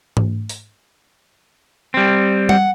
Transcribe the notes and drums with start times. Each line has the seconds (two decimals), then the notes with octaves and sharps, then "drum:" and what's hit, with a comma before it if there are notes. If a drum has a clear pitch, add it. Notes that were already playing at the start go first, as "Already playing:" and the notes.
0.17 drum: tom G#2
0.49 drum: open hi-hat
1.94 G3 C4
2.49 F#5, drum: tom G3